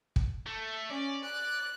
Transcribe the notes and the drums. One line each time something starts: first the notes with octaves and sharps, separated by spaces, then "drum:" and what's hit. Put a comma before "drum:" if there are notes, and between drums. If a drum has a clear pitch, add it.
drum: kick
A3
C#4 D5
F#6